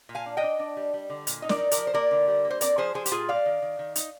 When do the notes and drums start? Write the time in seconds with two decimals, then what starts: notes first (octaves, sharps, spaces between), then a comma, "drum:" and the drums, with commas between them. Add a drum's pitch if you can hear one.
0.09 A#2
0.15 F5 G#5
0.26 D4
0.37 D#5 G5
0.43 D4
0.59 D4
0.77 G3
0.94 G3
1.10 D3
1.27 A#2, drum: hi-hat
1.42 D#4 D#5
1.49 A#4 D5, drum: snare
1.60 D#4
1.71 A#4 D5, drum: hi-hat
1.77 F3
1.87 C5
1.94 A#3 A#4 D5
2.11 D3
2.28 G3
2.44 A#3
2.50 C5
2.61 C4 A#4 D5, drum: hi-hat
2.78 F3 G#4 C5
2.94 F3 G#4 C5
3.06 G4, drum: hi-hat
3.11 A#2 F4 G#4
3.28 G3 D5 F5
3.46 D#3
3.62 D#3
3.79 D#3
3.96 D#4, drum: hi-hat